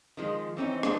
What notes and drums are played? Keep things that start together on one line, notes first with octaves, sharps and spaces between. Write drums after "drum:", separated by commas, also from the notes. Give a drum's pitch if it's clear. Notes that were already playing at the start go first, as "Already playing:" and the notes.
D#3 F3 G#3
E3 C4 C#4 D#4
D4 B4 C5 D#5, drum: rim click